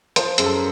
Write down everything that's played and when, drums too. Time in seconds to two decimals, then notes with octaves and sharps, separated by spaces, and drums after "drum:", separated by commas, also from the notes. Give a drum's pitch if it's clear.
0.16 F3 C5, drum: hi-hat
0.38 F#2 G#4, drum: hi-hat
0.46 A4
0.53 A#4